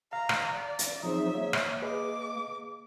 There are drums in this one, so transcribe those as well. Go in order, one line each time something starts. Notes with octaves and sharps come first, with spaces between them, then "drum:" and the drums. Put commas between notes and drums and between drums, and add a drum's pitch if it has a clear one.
F5 A#5
drum: rim click
D5
drum: hi-hat
F3 F#3 C4 D#4 G#4 C5 E5
A#3 C#5
drum: rim click
G#4 B4 D#5 D6